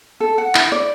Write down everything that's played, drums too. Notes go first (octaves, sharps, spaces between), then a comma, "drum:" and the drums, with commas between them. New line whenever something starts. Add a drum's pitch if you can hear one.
A4
F#5
E4, drum: clap
D5